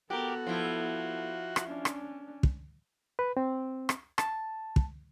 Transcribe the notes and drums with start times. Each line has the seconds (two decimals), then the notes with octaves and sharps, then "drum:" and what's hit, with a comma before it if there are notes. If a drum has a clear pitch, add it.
0.10 B3 F#4 G4 A4 A#4
0.47 F3 E4
1.56 drum: rim click
1.67 C#4 D4
1.85 drum: rim click
2.43 drum: kick
3.19 B4
3.37 C4
3.89 drum: rim click
4.18 A5, drum: rim click
4.76 drum: kick